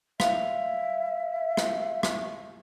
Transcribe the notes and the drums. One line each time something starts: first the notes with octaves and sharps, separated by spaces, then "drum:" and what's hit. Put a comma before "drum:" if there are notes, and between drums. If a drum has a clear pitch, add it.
E5 F5, drum: rim click
drum: rim click
drum: rim click